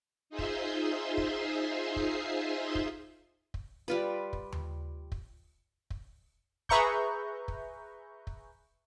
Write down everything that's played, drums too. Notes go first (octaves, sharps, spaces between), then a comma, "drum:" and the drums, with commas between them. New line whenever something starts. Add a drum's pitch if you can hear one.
D#4 F4 G#4 C5 E5 C6
drum: kick
drum: kick
drum: kick
drum: kick
drum: kick
G3 F4 B4
drum: kick
drum: tom D#2
drum: kick
drum: kick
G#4 B4 E5 A#5 C#6 G6, drum: kick
drum: kick
drum: kick